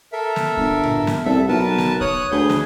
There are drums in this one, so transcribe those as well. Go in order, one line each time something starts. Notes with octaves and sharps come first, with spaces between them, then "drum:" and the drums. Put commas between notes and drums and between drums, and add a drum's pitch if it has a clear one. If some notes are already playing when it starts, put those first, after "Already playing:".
A4 A#4 E5
drum: snare
G1, drum: kick C#2
drum: tom A2
drum: snare
C2 A4 E5
B1 A#4 B4 A5
drum: snare
C#5 D#6 F#6, drum: kick C#2
D2 G#4 B4 G6
drum: snare